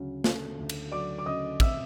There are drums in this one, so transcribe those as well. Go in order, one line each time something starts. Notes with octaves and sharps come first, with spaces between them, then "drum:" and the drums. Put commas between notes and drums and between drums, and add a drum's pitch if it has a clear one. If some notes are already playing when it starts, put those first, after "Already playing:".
Already playing: D2 C#3 F#3
A3, drum: snare
D2
drum: cymbal
F#3 D5 D6
D6
C#3 D#5 D#6
C4 E5 E6, drum: kick, cymbal